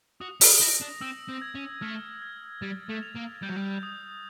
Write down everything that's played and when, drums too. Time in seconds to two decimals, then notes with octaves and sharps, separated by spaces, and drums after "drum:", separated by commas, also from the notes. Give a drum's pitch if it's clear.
0.21 F#4 D#6
0.41 F4, drum: open hi-hat
0.61 E4 A#6
0.82 D4
1.01 C4 E6
1.28 C4
1.42 G#6
1.55 C#4
1.82 A3 F6
2.22 G#6
2.62 G3 A6
2.89 A3
3.03 F7
3.16 A#3
3.43 G3 G6
3.50 F#3
3.57 G3
3.83 D#6